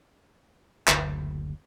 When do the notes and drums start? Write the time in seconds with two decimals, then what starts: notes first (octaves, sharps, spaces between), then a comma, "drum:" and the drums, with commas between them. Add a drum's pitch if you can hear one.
0.88 F#1 D2 D3, drum: clap